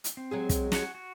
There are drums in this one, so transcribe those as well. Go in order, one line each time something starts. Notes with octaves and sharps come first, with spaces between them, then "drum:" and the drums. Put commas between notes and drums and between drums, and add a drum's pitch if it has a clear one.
drum: hi-hat
C4
F#3 G#3 G#4
drum: kick, hi-hat
F#4 F#5 G#5, drum: snare
F#4